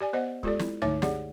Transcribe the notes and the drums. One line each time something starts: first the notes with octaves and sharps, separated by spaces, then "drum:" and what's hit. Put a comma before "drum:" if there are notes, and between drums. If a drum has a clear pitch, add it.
G4 D5 G#5
B3 C5 D#5 F#5
G#3 F4 G4 A4 D5, drum: kick
E4, drum: snare
D3 A3 D#4 C#5 E5 D6, drum: tom
G4 G#4 D5 F#5, drum: snare